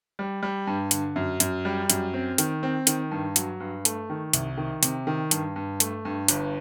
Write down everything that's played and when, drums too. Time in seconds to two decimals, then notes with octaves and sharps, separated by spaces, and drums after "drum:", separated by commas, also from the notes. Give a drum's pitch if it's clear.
0.19 G3
0.43 G3
0.67 G2
0.91 D3, drum: hi-hat
1.16 F#2
1.40 F#2, drum: hi-hat
1.65 G3
1.90 F#2, drum: hi-hat
2.14 C4
2.38 D#3, drum: hi-hat
2.63 C4
2.87 D#3, drum: hi-hat
3.11 G2
3.36 F#3, drum: hi-hat
3.60 G2
3.85 A3, drum: hi-hat
4.10 D#3
4.33 C2, drum: hi-hat
4.57 D#3
4.83 C3, drum: hi-hat
5.07 D#3
5.31 G2, drum: hi-hat
5.56 G2
5.80 A3, drum: hi-hat
6.05 G2
6.28 G1, drum: hi-hat